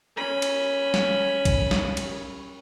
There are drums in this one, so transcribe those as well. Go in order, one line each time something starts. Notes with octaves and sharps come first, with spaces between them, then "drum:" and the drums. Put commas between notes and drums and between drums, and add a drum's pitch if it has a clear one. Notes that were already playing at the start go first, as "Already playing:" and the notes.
C#4 B5
drum: cymbal
drum: snare
drum: kick A#1, cymbal
drum: snare
drum: cymbal